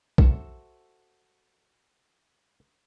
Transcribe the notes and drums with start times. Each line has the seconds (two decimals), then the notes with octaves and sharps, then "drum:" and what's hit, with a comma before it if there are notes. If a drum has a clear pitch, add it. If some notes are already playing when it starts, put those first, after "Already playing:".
0.18 F#4 A4 C5 E5, drum: kick A#1